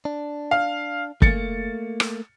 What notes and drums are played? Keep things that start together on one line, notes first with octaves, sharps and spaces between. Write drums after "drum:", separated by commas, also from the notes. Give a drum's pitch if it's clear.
D4
F5
A3 A#3 A6 C#7, drum: kick
drum: rim click